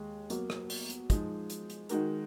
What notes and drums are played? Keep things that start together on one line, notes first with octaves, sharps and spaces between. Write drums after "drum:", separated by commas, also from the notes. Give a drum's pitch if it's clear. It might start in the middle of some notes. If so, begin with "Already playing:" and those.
Already playing: D#2 G#3
B2 F#3 A#3, drum: hi-hat
drum: rim click
drum: open hi-hat
drum: hi-hat
F3 G#3 D#4, drum: kick, hi-hat
drum: hi-hat
drum: hi-hat
D#3 G#3 D#4 F#4 A#4, drum: hi-hat